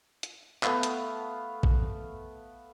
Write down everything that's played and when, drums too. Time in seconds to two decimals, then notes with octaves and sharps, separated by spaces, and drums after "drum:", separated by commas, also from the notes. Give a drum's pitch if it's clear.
0.23 drum: hi-hat
0.63 A3 B3 F5, drum: clap
0.83 drum: hi-hat
1.63 drum: kick